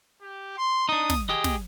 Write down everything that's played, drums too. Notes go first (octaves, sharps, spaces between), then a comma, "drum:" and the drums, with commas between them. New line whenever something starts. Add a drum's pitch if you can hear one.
G4
C6
D4 D#4 D#6
drum: snare
G4 G#4 D#5
drum: snare